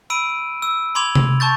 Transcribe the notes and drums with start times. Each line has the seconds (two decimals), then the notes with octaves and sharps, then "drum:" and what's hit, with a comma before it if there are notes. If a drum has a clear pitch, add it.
0.10 B5 E6 D7 D#7
0.62 E6
0.95 B5 C6 D6 G#6 F7
1.15 drum: tom C3
1.40 A5 C#6 G6 A6